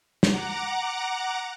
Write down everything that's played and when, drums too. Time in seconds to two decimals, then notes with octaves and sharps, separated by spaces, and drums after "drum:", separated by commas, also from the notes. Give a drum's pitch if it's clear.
0.23 F#5 A#5 D6, drum: snare